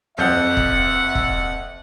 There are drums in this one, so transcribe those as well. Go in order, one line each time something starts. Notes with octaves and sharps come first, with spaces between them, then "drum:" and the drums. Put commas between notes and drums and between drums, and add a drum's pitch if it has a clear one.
F#1 F2 E5 F#5 G6
drum: kick E1
drum: kick E1